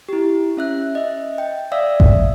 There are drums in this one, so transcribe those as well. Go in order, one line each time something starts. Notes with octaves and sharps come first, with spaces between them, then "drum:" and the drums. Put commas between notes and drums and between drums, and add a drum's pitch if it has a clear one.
E4 G4
C#4 E5 F#6
D#5 E5
G5
D5 E5 F5 D#6 E6
drum: kick A1